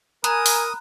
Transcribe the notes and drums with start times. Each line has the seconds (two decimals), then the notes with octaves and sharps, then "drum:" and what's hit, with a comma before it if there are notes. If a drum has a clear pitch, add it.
0.24 A#4 G#5 A#5 B5 D#6 F#6, drum: hi-hat
0.46 drum: open hi-hat